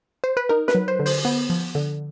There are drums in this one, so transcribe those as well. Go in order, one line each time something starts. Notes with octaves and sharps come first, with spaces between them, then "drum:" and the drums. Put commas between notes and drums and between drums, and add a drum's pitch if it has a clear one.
C5
B4
D#4 A#4
B4, drum: snare
F#3
C5
D3
C5, drum: open hi-hat
B3
F3
D3